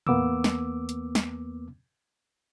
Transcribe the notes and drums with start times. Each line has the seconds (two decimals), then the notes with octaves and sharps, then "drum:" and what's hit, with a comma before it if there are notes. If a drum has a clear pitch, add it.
0.07 E2 A#3 B3 D6 E6, drum: tom
0.44 drum: snare
0.89 drum: hi-hat
1.15 drum: snare